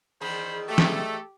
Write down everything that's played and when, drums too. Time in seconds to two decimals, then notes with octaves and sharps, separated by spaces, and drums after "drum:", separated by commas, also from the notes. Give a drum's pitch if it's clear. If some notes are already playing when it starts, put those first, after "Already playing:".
0.21 E2 D#3 G#4 C5 B5
0.68 A3 G4 A4
0.78 drum: snare